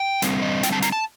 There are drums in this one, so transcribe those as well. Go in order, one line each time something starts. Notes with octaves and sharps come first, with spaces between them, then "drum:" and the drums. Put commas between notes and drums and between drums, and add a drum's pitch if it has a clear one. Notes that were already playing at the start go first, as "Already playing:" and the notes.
Already playing: G5
D3 G3 C4, drum: hi-hat
D#5
G5, drum: hi-hat
A5
A#5, drum: hi-hat
A5